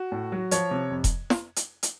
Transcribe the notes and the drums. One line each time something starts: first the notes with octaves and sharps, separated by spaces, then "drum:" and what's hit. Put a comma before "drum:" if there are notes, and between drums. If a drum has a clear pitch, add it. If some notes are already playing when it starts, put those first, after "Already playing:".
Already playing: F#4
A2
F#3
F3 C#5, drum: hi-hat
C3
F2
drum: kick E1, hi-hat
drum: snare
drum: hi-hat
drum: hi-hat